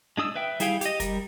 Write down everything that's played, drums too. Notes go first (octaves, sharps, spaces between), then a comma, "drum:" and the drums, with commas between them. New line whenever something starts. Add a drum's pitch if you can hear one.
G#3 D4 D#6 E6
B4 E5 G5
G3 E4 G#4 F5 G5, drum: hi-hat
G4 D#5, drum: hi-hat
G3 A#4, drum: kick, hi-hat